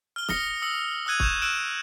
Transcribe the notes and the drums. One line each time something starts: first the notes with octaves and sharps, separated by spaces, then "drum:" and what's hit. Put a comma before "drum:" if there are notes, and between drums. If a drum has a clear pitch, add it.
F6 G7
D#6 A#6 C#7, drum: snare
D#6 E6 C#7
D#6 E6 F#6 G#6 D#7
C#6 G6 E7, drum: kick
E6 F#6 D7 E7